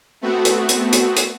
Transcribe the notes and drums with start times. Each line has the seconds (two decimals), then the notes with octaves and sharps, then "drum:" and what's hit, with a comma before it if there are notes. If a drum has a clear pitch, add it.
0.21 A3 B3 C4 F#4
0.45 drum: hi-hat
0.69 drum: hi-hat
0.93 drum: hi-hat
1.17 drum: hi-hat